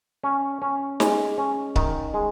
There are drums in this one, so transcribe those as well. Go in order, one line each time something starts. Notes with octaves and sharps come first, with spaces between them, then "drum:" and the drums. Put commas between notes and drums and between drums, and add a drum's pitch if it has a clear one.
C#4
C#4
G#3, drum: snare
C#4
D#3, drum: kick C#1
G#3